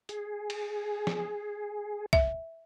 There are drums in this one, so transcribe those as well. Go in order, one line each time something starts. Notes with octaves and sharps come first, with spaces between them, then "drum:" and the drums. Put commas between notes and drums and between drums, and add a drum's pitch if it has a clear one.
G#4, drum: hi-hat
drum: cymbal
drum: snare
E5, drum: kick C2